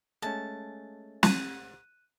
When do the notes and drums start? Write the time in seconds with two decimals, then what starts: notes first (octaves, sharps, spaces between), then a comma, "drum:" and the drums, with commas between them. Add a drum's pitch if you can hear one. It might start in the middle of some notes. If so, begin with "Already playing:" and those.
0.22 G#3 A3 C#4 A5
1.23 F#6 D#7, drum: snare